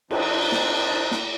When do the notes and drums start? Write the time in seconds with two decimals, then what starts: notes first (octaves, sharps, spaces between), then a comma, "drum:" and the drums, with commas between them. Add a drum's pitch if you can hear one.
0.11 F3 C4 D4 D#4, drum: cymbal
0.52 drum: snare
1.11 drum: snare